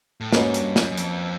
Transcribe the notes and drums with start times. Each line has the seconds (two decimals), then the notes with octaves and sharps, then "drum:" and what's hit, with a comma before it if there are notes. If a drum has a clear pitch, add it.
0.21 A2
0.32 G#2 A#3 C#4 F#4 B4 D#5, drum: snare
0.54 G2, drum: hi-hat
0.76 F#2, drum: snare
0.92 F#2
0.97 F2, drum: hi-hat